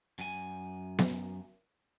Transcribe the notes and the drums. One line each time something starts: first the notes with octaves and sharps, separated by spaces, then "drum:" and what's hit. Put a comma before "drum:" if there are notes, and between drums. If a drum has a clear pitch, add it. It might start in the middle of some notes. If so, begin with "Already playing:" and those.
F#2 G#5
drum: snare B3